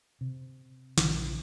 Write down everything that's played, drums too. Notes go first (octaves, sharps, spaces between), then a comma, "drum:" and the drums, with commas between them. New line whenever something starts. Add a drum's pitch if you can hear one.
C3
A#1 C#3, drum: snare